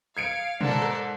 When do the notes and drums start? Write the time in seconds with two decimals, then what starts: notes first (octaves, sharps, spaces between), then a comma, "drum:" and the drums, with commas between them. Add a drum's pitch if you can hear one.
0.17 F5 G#6 C#7 D7
0.61 G#2 A4 A#4 D5, drum: tom B2
0.82 drum: rim click